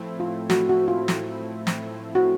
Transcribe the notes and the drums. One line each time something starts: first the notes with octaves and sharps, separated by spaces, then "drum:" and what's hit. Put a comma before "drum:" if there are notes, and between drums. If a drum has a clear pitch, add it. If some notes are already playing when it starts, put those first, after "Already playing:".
Already playing: A2 F3 A3 C4 E4
F4
F#4, drum: snare
F#4
F4
drum: snare
drum: snare
F#4